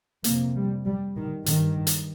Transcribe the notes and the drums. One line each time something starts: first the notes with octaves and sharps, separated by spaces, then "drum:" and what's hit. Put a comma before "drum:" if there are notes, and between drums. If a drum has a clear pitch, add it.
F2 C3 A#3, drum: hi-hat
G3
G3
D#3
G2 D#3, drum: hi-hat
drum: hi-hat